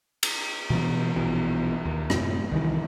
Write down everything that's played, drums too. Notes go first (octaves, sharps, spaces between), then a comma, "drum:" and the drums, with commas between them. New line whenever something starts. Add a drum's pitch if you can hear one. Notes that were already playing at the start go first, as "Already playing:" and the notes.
drum: cymbal
B2 E3 F3 B3
A#1 B2 E3
D#2
F#2 A2 C3, drum: rim click
C2 D#3 E3